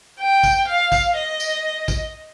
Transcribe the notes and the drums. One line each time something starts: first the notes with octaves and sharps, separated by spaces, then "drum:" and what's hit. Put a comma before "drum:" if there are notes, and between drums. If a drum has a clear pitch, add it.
G5
drum: kick, tambourine
F5
drum: kick, tambourine
D#5
drum: tambourine
drum: kick, tambourine